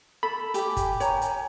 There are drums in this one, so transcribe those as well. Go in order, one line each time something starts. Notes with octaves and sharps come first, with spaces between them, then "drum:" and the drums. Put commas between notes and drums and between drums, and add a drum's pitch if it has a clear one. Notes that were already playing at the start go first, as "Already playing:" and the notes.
A4 B5
G4 G#5 D6, drum: hi-hat
drum: kick, hi-hat
C#5 A#5, drum: hi-hat
drum: hi-hat